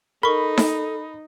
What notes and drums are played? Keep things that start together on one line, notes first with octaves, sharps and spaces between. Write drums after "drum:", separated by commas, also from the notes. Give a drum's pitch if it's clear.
D#4 A4 A#4 B5 C#6
drum: snare D#4